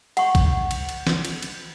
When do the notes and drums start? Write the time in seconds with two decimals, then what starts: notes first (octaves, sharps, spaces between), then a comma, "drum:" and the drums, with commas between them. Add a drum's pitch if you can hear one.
0.17 F#5 C#6, drum: cymbal
0.35 drum: kick B1, cymbal
0.71 drum: cymbal
0.89 drum: cymbal
1.07 drum: snare
1.25 drum: cymbal
1.43 drum: cymbal